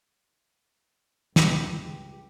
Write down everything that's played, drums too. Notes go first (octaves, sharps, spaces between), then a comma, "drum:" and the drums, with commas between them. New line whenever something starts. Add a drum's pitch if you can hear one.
C#2 G2 G4, drum: snare